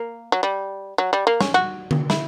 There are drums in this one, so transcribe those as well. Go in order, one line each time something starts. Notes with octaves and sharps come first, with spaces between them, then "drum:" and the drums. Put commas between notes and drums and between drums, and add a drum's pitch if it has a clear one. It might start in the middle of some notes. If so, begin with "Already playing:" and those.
Already playing: A#3
F#3
G3
F#3
G3
A#3
C#4, drum: snare
F#4
drum: tom D3
E4, drum: snare